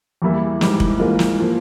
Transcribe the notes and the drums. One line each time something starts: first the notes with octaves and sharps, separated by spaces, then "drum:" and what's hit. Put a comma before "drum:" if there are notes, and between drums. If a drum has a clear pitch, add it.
E2 E3 G3 A#3 E4
G#2 E3 G3, drum: snare
drum: kick F1
G#2 E3 A#3 F4 A#4
drum: snare
F3 A#3